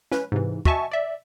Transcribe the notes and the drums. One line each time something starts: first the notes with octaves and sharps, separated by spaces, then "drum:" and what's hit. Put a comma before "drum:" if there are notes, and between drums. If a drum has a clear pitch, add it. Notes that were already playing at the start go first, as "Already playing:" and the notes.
C#4 B4, drum: snare
G#2 C3 E3
F#4 D#5 E5 G#5 A5 C#6, drum: kick
D5 E5